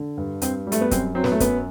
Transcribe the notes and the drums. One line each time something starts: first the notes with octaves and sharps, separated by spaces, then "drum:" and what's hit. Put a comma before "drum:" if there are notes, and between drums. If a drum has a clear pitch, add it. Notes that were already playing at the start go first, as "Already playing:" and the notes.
Already playing: D3
G2
G2 C4, drum: hi-hat
G3
A3, drum: hi-hat
B3
F#2 C4, drum: kick, hi-hat
F#3 C4
B3, drum: snare
A3
F#2 B3, drum: kick, hi-hat